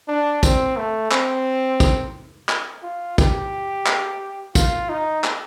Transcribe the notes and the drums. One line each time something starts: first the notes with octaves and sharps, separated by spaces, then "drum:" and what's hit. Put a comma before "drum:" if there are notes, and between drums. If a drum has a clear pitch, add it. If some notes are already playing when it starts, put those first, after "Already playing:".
D4
C4, drum: kick, tambourine
A3
C4, drum: clap
drum: kick, tambourine
drum: clap
F4
G4, drum: kick, tambourine
drum: clap
F4, drum: kick, tambourine
D#4
drum: clap